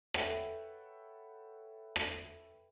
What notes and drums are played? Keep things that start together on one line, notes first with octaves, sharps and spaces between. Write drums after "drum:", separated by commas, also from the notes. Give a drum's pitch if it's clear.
A4 B4 C#5 E5 F#5 G5, drum: rim click
drum: rim click